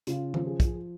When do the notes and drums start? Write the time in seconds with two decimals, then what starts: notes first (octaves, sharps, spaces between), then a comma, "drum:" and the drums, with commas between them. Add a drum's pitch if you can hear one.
0.07 C#3 F4, drum: hi-hat
0.34 F3, drum: tom D#3
0.47 G#4
0.60 F3, drum: kick, hi-hat